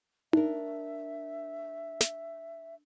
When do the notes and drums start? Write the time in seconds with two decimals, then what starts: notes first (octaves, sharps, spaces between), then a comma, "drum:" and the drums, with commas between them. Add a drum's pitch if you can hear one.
0.33 D4 A#4 E5, drum: tom D#4
2.01 drum: snare